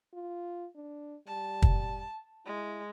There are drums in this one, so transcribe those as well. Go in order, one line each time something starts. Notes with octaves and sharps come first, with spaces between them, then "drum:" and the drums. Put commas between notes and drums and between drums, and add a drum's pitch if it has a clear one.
F4
D4
G3 A5
drum: kick
G#3 E4